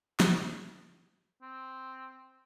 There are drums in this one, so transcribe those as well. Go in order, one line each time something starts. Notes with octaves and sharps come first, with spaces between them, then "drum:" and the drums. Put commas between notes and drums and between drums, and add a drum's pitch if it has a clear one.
drum: snare
C4